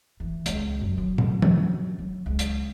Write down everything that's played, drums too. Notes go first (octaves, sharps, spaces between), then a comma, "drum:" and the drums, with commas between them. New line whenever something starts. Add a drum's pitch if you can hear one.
E3
C#2, drum: hi-hat
F#2
F#3
drum: tom
drum: tom
F#3
C#2
drum: hi-hat